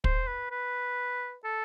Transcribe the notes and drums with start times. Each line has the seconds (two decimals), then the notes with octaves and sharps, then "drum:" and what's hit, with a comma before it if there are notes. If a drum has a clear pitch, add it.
0.04 C5, drum: kick
0.27 B4
0.51 B4
1.45 A4